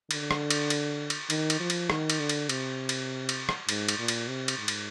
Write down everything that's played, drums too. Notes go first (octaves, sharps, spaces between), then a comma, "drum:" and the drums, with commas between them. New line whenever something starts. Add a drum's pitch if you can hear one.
D3, drum: cymbal
drum: rim click
drum: cymbal
drum: cymbal
drum: cymbal
D#3, drum: cymbal
drum: cymbal
F3
drum: cymbal
D#3, drum: rim click
drum: cymbal
D3
drum: cymbal
C3, drum: cymbal
drum: cymbal
drum: cymbal
drum: rim click
G#2, drum: cymbal
drum: cymbal
A#2
drum: cymbal
C3
drum: cymbal
G#2
drum: cymbal